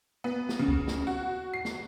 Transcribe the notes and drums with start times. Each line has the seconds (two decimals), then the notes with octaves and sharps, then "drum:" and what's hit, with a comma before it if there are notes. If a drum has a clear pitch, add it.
0.24 B3
0.49 drum: snare
0.59 C#3
0.68 drum: kick
0.88 drum: snare
1.07 F#4
1.54 C7
1.65 drum: snare